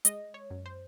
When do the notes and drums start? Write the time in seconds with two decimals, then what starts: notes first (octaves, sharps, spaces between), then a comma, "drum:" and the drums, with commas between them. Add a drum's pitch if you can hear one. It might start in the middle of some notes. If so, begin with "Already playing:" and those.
0.05 G#3 D#5, drum: hi-hat
0.34 C#5
0.50 F#2
0.66 C5